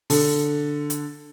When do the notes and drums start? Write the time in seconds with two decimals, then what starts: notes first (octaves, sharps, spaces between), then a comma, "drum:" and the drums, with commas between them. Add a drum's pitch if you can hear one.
0.10 D3, drum: open hi-hat
0.90 drum: hi-hat